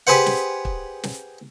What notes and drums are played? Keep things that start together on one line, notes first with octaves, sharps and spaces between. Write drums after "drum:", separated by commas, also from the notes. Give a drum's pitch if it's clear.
G4 G#4 B4 C5 F#5
drum: snare
drum: kick
drum: snare